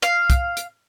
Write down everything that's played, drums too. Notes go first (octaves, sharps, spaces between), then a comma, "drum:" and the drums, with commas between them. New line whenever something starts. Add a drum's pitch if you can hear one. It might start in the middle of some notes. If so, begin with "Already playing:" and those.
F5, drum: hi-hat
drum: kick, hi-hat
drum: hi-hat